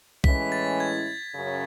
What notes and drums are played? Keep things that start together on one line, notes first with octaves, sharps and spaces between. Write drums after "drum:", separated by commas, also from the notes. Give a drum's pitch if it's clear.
A2 E3 G#3 C#4 E4 B6, drum: kick
A6
G#6
F#2 C#3